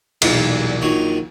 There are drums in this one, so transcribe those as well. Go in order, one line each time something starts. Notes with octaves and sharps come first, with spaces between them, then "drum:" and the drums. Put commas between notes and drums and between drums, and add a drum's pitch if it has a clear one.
B1 E2 A#2 G3, drum: cymbal
A#1 D#3 F#3 C#5